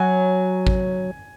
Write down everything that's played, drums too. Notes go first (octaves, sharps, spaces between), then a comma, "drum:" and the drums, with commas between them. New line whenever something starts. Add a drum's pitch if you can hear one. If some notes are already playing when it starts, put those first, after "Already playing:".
Already playing: F#3 G#5
drum: kick